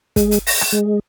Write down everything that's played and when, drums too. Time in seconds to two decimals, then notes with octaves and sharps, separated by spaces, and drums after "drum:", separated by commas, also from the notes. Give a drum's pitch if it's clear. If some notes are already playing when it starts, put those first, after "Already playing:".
0.16 G#3, drum: kick, hi-hat
0.31 drum: hi-hat
0.47 A#6, drum: open hi-hat
0.61 drum: rim click
0.72 G#3